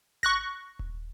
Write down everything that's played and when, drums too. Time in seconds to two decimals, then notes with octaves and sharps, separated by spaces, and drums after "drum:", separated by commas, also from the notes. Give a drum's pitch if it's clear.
0.23 C#6 F#6 A#6, drum: snare G#1
0.79 drum: kick D#1